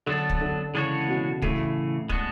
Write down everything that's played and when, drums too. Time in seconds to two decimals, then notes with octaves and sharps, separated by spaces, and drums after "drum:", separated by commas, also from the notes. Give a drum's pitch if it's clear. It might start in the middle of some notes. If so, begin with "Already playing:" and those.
0.06 D3 F#3 B3 D4 A4
0.29 drum: kick
0.41 D3
0.74 C#3 E3 G#3 D4 F#4 C#5
1.08 B2
1.42 A2 C#3 E3 A3, drum: kick
2.09 G#3 B3 D4 F#4, drum: kick